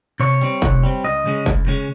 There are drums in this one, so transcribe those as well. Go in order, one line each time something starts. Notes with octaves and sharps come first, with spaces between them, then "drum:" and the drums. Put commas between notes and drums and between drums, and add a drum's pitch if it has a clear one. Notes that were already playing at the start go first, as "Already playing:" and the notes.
C3 C#5
G3 C4, drum: hi-hat
C3, drum: kick F1
G3 C4
C#2 D#5
C#3 G#3 C#4
C#2, drum: kick F1
C#3 G#3 C#4